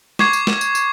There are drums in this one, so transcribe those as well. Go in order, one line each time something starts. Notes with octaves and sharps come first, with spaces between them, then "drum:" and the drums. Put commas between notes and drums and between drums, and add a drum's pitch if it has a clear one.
C#6 D6 G#6 C7, drum: snare
drum: tambourine
drum: snare
drum: tambourine
drum: tambourine